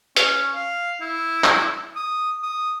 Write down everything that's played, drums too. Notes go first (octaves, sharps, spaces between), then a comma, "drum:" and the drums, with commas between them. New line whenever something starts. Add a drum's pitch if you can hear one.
C#4, drum: hi-hat
F5
E4
drum: clap
D#6
D#6